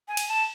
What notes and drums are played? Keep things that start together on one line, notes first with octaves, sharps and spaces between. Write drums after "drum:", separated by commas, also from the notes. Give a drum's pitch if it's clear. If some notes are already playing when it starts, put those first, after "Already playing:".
G#5
drum: cymbal
A5